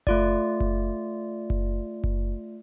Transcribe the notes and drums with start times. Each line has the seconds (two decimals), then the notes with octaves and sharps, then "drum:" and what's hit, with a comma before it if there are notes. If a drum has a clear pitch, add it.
0.07 A3 F4 D5, drum: kick F#1
0.60 drum: kick F#1
1.50 drum: kick F#1
2.04 drum: kick F#1